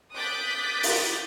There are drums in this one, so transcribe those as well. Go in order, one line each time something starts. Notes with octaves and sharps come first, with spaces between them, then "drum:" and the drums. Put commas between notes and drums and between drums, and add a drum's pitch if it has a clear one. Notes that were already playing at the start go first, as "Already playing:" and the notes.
D6 D#6 F#6 G6 A6 B6
drum: open hi-hat